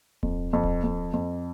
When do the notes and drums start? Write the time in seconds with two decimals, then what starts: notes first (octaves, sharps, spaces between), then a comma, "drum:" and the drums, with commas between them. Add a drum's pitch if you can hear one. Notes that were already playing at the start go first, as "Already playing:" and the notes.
0.23 F2, drum: kick D1
0.53 F2
0.64 drum: kick D1
0.84 F2
1.14 F2